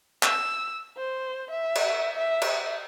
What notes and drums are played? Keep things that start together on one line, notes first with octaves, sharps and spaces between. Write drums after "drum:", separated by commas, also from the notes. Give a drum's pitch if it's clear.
E6, drum: clap
C5
E5
drum: cymbal
E5
drum: cymbal